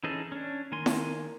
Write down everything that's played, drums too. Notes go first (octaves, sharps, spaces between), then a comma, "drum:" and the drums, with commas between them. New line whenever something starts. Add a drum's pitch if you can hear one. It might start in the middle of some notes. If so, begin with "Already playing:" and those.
E3 C#4 D#4 G#4 A4
C#4 D4
D#3 A#3 A#4 G#5 C6
drum: snare E4